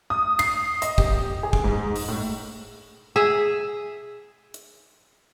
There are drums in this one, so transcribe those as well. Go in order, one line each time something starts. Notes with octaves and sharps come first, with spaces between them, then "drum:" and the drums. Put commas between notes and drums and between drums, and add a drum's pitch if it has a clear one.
D#6
C7, drum: cymbal
D#5, drum: hi-hat
G4, drum: kick
G#4
drum: kick
G#2
drum: open hi-hat
A2
G#4 E5
drum: hi-hat